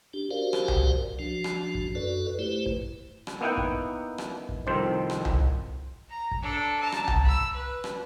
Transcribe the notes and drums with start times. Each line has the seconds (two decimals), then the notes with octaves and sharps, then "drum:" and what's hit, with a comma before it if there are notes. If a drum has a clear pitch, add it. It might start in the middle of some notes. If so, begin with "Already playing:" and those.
0.14 D4 G4
0.31 F#4 G4 A#4 C5 D5 F5
0.53 drum: rim click
0.68 drum: tom C2
0.83 drum: kick
1.19 F3 D4 F#4
1.44 drum: rim click
1.75 drum: kick
1.95 F#2 F#4 A4 B4 D5
2.39 A3 E4 G4 B4 C5
2.66 drum: kick
3.27 drum: rim click
3.41 A#3 B3 D#4 E4 F#5 G5
3.57 drum: kick
4.18 drum: rim click
4.49 drum: kick
4.67 C2 F2 D#3 C4 C5
5.10 drum: rim click
5.25 drum: tom C2
5.40 drum: kick
6.10 A#5
6.31 drum: kick
6.42 D4 A4
6.81 A5 A#5
6.92 drum: rim click
7.08 drum: tom C2
7.24 B5 E6, drum: kick
7.53 B4
7.84 drum: rim click